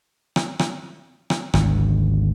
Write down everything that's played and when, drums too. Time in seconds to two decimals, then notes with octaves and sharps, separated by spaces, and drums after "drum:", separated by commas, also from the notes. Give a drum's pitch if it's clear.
0.36 drum: rim click
0.59 drum: rim click
1.30 drum: rim click
1.54 G#1 D2, drum: rim click